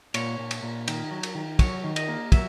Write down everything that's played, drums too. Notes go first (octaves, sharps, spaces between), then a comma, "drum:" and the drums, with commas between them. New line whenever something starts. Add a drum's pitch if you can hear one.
A#2 C#5, drum: cymbal
A#2
drum: cymbal
A#2
D#3, drum: cymbal
F#3
drum: cymbal
D#3
F#3 C#5, drum: kick, cymbal
D#3
D#5, drum: cymbal
A#3
F#3 E5, drum: kick, cymbal